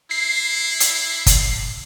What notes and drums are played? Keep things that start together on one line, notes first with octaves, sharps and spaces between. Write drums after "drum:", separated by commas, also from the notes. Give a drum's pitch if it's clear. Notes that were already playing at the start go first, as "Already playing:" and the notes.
E4 C7
drum: hi-hat
drum: kick, hi-hat